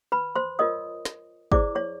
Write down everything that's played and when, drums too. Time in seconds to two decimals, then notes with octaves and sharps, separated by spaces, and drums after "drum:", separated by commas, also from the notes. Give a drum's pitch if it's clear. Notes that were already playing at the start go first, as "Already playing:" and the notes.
0.12 B4 B5
0.35 C5 C6
0.59 F4 A#4 C#5 D#5 D#6
1.05 drum: snare
1.52 E4 G#4 C5 D5 D6, drum: kick
1.75 C#5 C#6